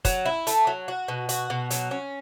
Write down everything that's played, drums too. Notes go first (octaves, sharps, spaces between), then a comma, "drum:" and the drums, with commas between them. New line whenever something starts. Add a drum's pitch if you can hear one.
F#3, drum: kick, hi-hat
E4
A3, drum: hi-hat
F#3
F#4
B2
F#4, drum: hi-hat
B2
F#3, drum: hi-hat
C#4